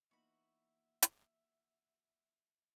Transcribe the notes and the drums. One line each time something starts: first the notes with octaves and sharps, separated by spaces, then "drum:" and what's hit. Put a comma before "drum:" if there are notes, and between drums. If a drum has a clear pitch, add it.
E3 A#3 B3 D#4 F4 F#4 E5 B5
drum: hi-hat